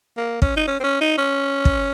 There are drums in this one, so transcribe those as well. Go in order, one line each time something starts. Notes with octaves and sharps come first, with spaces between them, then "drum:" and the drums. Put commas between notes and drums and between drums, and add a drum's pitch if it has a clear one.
A#3
C#4, drum: kick
D#4
C#4
C4
C#4
D#4
C#4
drum: kick